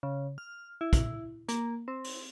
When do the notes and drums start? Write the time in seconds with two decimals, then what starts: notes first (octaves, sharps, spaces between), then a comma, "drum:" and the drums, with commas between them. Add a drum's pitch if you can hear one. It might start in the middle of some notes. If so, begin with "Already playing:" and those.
0.03 C#3
0.38 F6
0.81 E4
0.93 drum: kick, hi-hat
1.49 A#3, drum: hi-hat
1.88 C4
2.04 drum: open hi-hat